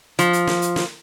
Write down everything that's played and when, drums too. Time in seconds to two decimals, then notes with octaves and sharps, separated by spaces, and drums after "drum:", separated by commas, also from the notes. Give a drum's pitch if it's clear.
0.19 F3, drum: hi-hat
0.33 drum: hi-hat
0.47 drum: snare
0.62 drum: hi-hat
0.76 drum: snare